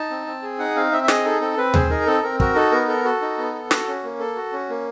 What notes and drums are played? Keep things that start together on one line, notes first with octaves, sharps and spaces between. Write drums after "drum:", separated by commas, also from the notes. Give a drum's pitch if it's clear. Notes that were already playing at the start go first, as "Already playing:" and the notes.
Already playing: D#4 A5
C4
C4
G#4
D#4 F#5
C4 F5
C4 E5
E5
G#4 D#5, drum: snare
D#4 A4
C4 A4
C4 B4
G#4 C5, drum: tom D#2
D#4 A#4
C4 A4
C4 A#4
F#4 A#4, drum: kick
D#4 A4
B3 A#4
A4 A#4
F#4 A4
D#4
B3
A4
F#4, drum: snare
C#4
A#3
A4
F#4
C#4
A#3